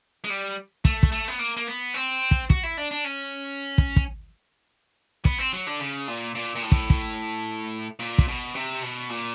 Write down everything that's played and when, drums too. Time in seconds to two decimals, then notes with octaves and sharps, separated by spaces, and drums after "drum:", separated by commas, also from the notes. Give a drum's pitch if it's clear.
0.24 G#3
0.30 G3
0.85 A3, drum: kick
1.03 drum: kick
1.12 A3
1.28 B3
1.39 A#3
1.57 A#3
1.67 B3
1.94 C4
2.31 drum: kick
2.50 F#4, drum: kick
2.63 E4
2.77 D4
2.91 D4
3.04 C#4
3.78 drum: kick
3.96 drum: kick
5.25 B3, drum: kick
5.38 C4
5.53 F#3
5.67 D3
5.80 C#3
6.08 A#2
6.35 A#2
6.55 A#2
6.63 A2
6.72 drum: kick
6.90 drum: kick
7.99 A#2
8.18 drum: kick
8.28 B2
8.55 C3
8.83 B2
9.10 A#2